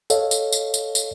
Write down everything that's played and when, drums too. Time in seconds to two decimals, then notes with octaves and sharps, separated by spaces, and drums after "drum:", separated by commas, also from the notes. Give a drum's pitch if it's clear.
0.10 A4 C#5 D#5 F5, drum: tambourine
0.31 drum: tambourine
0.53 drum: tambourine
0.74 drum: tambourine
0.95 drum: tambourine